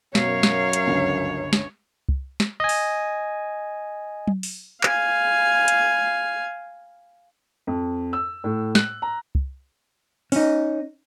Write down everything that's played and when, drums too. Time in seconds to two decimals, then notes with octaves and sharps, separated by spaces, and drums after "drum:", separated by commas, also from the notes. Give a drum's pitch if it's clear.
0.15 F#2 B2 A#4 C#5 F5, drum: snare
0.43 drum: snare
0.73 drum: hi-hat
0.87 G1 C#2
1.53 drum: snare
2.09 drum: kick
2.40 drum: snare
2.60 D#5 G#5
2.69 drum: open hi-hat
4.27 drum: tom F#3
4.43 drum: open hi-hat
4.83 F5 G#5, drum: clap
5.68 drum: hi-hat
7.67 F2
8.13 E6
8.44 A2
8.75 F#6, drum: snare
9.02 A#5
9.35 drum: kick
10.32 C#4 D#4, drum: open hi-hat